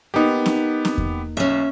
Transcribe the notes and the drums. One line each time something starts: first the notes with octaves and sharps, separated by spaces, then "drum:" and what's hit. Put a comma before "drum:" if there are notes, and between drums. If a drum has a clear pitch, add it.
A#3 B3 D#4 G4
drum: snare C4
drum: snare C4
drum: kick E2
B1 C#4 E5